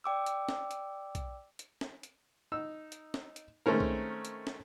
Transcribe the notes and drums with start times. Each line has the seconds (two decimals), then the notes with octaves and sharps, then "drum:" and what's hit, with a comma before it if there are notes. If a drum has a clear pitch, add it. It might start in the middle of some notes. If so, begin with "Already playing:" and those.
0.04 D5 G5 D6 E6
0.26 drum: hi-hat
0.49 drum: snare
0.71 drum: hi-hat
1.15 drum: kick, hi-hat
1.59 drum: hi-hat
1.81 drum: snare
2.03 drum: hi-hat
2.52 D#4 E6
2.92 drum: hi-hat
3.14 drum: snare
3.36 drum: hi-hat
3.66 D#3 G#3 A3 C4 C#4 A#4
3.80 drum: kick
4.25 drum: hi-hat
4.47 drum: snare